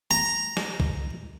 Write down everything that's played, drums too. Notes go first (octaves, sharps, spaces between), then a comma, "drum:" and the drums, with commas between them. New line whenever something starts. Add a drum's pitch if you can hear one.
A#5
drum: snare
drum: kick